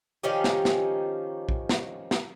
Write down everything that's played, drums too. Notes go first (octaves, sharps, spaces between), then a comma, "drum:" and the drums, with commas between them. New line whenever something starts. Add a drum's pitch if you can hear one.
D#3 F3 C#4 G4
drum: snare
drum: snare
drum: kick
drum: snare
drum: snare